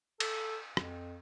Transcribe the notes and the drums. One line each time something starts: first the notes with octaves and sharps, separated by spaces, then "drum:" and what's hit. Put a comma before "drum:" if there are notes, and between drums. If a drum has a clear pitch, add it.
A4, drum: cymbal
F2, drum: rim click